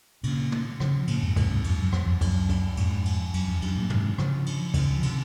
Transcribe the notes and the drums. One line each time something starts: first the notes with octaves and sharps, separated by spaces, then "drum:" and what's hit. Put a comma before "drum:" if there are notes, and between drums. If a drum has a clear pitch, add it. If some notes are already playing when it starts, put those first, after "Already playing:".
A#2 C#3, drum: cymbal
drum: tom
C#3 F3, drum: rim click
A#2 C#3, drum: cymbal
F2 G#2
G#2 C3, drum: kick C#2, cymbal
G#2 C3
F2 G#2, drum: cymbal
F#2
F2, drum: rim click
F2
F#2, drum: kick C#2, cymbal
drum: kick C#2, cymbal
F2 G#2, drum: cymbal
drum: cymbal
F#2, drum: cymbal
F2
F#2, drum: cymbal
F#2 A#2
G#2 C3, drum: tom
C#3 F3, drum: rim click
drum: cymbal
C#3 F3, drum: kick C#2, cymbal
C3 D#3, drum: cymbal